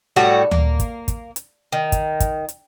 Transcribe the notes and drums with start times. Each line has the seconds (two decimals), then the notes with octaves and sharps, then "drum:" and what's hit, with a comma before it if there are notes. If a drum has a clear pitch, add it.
0.16 A2 G3 F#4 A4
0.51 A#3, drum: tom D2
0.80 drum: kick, hi-hat
1.08 drum: kick, hi-hat
1.36 drum: hi-hat
1.72 D#3
1.92 drum: kick, hi-hat
2.20 drum: kick, hi-hat
2.49 drum: hi-hat